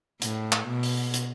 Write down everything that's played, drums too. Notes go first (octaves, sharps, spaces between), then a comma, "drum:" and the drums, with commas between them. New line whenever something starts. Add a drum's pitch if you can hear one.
A2, drum: hi-hat
drum: clap
B2
drum: open hi-hat
drum: hi-hat